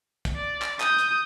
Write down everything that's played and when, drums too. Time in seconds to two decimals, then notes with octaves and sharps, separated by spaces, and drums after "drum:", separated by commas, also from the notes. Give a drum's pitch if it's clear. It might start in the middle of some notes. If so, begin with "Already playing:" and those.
0.25 drum: kick, hi-hat
0.36 D5
0.62 drum: clap
0.80 D#6 G6, drum: clap
0.98 drum: hi-hat